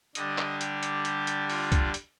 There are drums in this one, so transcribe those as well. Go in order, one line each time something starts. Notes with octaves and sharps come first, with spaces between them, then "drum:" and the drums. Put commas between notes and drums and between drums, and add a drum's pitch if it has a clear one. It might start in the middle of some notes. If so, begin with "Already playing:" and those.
D3 G3 D4 D#5, drum: hi-hat
drum: clap
G4, drum: hi-hat
drum: hi-hat
G4, drum: hi-hat
drum: hi-hat
F4, drum: open hi-hat
drum: kick C2, hi-hat
drum: hi-hat